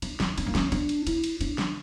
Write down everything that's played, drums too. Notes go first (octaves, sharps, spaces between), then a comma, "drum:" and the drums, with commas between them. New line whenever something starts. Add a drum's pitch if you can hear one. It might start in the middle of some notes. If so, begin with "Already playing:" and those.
D4, drum: cymbal
D4, drum: snare
D4, drum: cymbal
A#3
C#4, drum: snare
D4, drum: cymbal
drum: cymbal
E4, drum: cymbal
drum: cymbal
D4, drum: cymbal
drum: snare